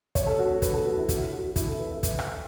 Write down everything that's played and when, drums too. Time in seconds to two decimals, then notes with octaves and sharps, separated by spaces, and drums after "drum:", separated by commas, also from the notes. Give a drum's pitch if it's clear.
0.15 C#5, drum: kick, hi-hat
0.27 A4
0.39 F#4
0.62 B4, drum: kick, hi-hat
0.74 A4
0.85 F#4
0.97 E4
1.09 F#4, drum: kick, hi-hat
1.32 F#4
1.56 E4, drum: kick, hi-hat
1.67 A4
1.79 B4
1.91 E5
2.03 drum: kick, hi-hat
2.19 drum: rim click